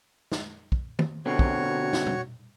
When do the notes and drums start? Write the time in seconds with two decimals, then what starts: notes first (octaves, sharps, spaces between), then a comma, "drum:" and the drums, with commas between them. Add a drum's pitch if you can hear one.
0.32 drum: snare
0.72 drum: kick
0.99 drum: tom D#3
1.26 B2 D3 C4 F#4 C#5 C#6
1.39 drum: kick
1.93 drum: snare
2.07 drum: tom B2